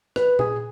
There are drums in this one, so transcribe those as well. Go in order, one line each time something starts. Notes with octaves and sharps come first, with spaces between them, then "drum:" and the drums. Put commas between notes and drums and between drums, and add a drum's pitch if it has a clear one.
B4, drum: rim click
G#4, drum: tom A#2